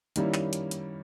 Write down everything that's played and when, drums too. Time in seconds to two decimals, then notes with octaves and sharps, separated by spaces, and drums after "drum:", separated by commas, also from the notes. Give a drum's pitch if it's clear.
0.16 D#3 G3 A#3 C#4 E4, drum: hi-hat
0.34 drum: clap
0.53 drum: hi-hat
0.71 drum: hi-hat